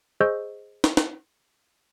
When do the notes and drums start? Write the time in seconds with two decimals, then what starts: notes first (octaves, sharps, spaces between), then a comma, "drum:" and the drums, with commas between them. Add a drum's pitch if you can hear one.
0.21 G#4 C5 D#5 C#6 E6 G6
0.84 drum: snare
0.97 drum: snare